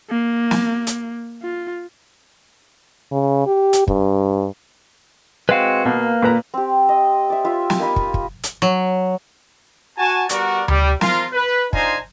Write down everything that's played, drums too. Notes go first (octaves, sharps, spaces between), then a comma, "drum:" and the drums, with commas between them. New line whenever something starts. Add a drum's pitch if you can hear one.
A#3
drum: snare
drum: hi-hat
F4
C#3
G4
drum: hi-hat
G2, drum: kick
G#3 C4 F#4 B4 F5
B2 A#3
A#2 B4 A#5
C4 G4
D#5
D5 E5
F4 E5
drum: snare
A#3 D#4 B5 D#6
drum: kick
drum: kick
drum: hi-hat
F#3
F#4 G#5 A5
G3 B3 F#4 A#4 D5 F#5, drum: hi-hat
G3, drum: tom D2
F3 F4 A#4, drum: snare
B4
D4 D#4 F4 C5 G#5 A#5, drum: kick